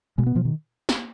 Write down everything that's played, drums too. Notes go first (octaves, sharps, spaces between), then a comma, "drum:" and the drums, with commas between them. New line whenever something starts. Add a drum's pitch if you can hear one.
B2 G#3
B3
B2 F3
D#3
drum: snare